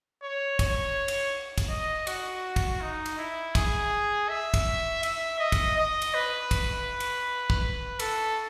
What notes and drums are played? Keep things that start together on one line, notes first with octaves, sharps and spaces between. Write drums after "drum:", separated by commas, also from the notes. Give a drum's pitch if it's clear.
C#5
C#5, drum: kick, cymbal
drum: cymbal
drum: kick, cymbal
D#5
F#4, drum: cymbal
drum: kick, cymbal
D#4
drum: cymbal
E4
G#4, drum: kick, cymbal
E5
drum: kick, cymbal
E5, drum: cymbal
D#5
drum: kick, cymbal
D#5
drum: cymbal
B4
drum: kick, cymbal
drum: cymbal
drum: kick
A4, drum: cymbal